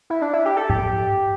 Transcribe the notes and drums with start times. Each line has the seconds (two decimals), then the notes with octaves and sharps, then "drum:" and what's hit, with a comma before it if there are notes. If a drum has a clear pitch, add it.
0.10 E4
0.22 D4
0.34 E4
0.46 G4
0.57 A4
0.70 G4, drum: tom G#2